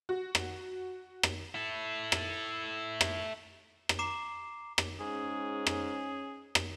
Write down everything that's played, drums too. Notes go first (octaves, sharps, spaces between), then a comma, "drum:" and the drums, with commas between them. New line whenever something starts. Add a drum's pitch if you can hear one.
F#4
drum: rim click
drum: rim click
E4 A4
drum: rim click
drum: rim click
drum: rim click
A#5 D6 C7 E7
drum: rim click
G#2 C#4 G#4
drum: rim click
drum: rim click